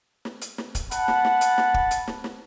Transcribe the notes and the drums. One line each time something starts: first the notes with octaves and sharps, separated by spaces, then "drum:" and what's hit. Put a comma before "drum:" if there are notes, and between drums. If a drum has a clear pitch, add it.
drum: snare
drum: hi-hat
drum: snare
drum: kick, hi-hat
F#5 A5 B5, drum: hi-hat
drum: snare
drum: snare
drum: hi-hat
drum: snare
drum: kick
drum: hi-hat
drum: snare
drum: snare